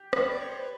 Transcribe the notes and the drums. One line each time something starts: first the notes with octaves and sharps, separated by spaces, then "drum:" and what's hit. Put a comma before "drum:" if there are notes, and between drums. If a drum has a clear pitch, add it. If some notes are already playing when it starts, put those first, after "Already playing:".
Already playing: G4
B4, drum: rim click
D5
C#5
C5
B4